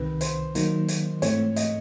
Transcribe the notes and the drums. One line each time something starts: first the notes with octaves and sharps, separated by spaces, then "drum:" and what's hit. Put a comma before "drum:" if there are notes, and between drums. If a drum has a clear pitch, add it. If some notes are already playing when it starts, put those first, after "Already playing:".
Already playing: C2 C3 D#3 B4
C5, drum: hi-hat
D#3 F#3 A#3 D#4, drum: hi-hat
drum: hi-hat
G#2 E3 A3 C4 C#5, drum: hi-hat
D#5, drum: hi-hat